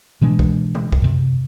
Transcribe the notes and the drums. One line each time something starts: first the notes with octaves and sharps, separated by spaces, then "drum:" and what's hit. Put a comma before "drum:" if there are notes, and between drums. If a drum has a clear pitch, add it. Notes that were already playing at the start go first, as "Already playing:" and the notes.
B2 E3 G#3 D4
drum: kick
drum: tom C3
drum: kick
F#2 C3